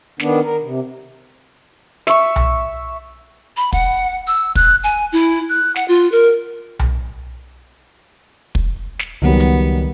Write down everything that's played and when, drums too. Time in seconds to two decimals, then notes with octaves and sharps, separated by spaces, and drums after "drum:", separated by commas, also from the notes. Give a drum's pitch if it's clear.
0.19 D#3 B3 D4, drum: snare
0.43 A#4
0.63 C3
2.07 E5 C#6, drum: snare
2.36 drum: tom B1
3.57 B5
3.73 F#5, drum: kick
4.27 E6
4.55 F#6, drum: kick
4.83 G#5
5.12 E4
5.49 F#6
5.76 F#5, drum: snare
5.88 F4
6.12 A#4
6.79 drum: tom B1
8.55 drum: kick
8.99 drum: snare
9.22 C#2 D#3 F#3 G3 B3
9.40 drum: hi-hat